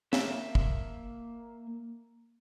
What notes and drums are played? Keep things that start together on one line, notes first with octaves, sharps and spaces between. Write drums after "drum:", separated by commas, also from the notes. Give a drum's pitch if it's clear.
A#3 E5, drum: snare
drum: kick